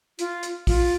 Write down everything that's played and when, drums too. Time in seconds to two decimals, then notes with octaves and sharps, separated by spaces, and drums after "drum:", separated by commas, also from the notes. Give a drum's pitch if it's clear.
0.19 F4, drum: hi-hat
0.43 drum: hi-hat
0.67 F4, drum: kick, open hi-hat